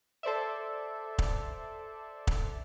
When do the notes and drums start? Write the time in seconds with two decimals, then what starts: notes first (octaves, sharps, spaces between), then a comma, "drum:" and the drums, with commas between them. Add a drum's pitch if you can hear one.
0.23 A4 C5 D5 E5
1.18 drum: kick
2.27 drum: kick